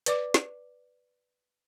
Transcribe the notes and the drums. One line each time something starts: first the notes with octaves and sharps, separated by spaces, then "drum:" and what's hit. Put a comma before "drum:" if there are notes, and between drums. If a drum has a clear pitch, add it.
B4 D5 D6, drum: hi-hat
drum: snare